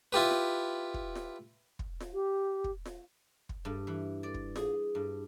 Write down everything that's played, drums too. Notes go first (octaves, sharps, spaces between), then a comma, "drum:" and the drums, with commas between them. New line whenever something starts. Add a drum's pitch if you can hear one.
E4 F4 G4 B4
drum: snare F4
drum: kick
drum: snare F4
drum: kick
drum: snare F4
G4
drum: kick
drum: snare F4
drum: kick
G2
E3
D5
drum: kick
G#4, drum: snare F4
G2